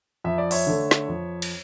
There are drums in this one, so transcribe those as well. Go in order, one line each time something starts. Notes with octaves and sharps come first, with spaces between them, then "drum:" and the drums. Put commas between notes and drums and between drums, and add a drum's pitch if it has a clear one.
F2 E5
D5
C#5 E5, drum: open hi-hat
D3 A3
drum: snare
F2
drum: cymbal